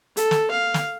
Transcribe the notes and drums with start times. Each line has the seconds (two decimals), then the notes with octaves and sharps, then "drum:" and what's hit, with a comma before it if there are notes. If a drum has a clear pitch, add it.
0.17 A4, drum: hi-hat
0.31 drum: snare
0.51 F5
0.74 drum: snare